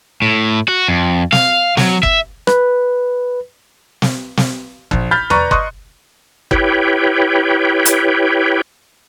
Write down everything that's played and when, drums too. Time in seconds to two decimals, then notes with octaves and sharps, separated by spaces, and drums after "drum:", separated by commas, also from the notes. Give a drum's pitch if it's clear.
0.22 A2
0.68 F#4
0.88 F2
1.32 F5, drum: snare
1.77 F#3, drum: snare
2.03 E5, drum: kick G1
2.47 B4, drum: rim click
4.02 drum: snare
4.37 drum: snare
4.91 A#1, drum: kick G1
5.11 B5 F6 G6 A6
5.30 B4 D5 A#5 C#6, drum: tom E2
5.51 D#5 C6 C#6 D#6 F#6, drum: kick G1
6.51 E4 G4 B4 C#5 G5, drum: kick G1
7.85 drum: hi-hat